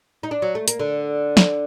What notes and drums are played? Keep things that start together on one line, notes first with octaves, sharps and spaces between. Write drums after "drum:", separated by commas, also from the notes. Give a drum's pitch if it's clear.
D#4
D4
F#3
A3
A#3, drum: hi-hat
D3
drum: snare